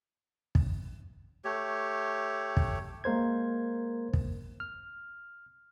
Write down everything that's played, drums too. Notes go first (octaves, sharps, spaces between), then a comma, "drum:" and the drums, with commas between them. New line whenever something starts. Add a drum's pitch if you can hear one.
drum: kick
A3 G4 C#5
drum: kick
G#3 A#3 A#4 C5 G#6
drum: kick
F6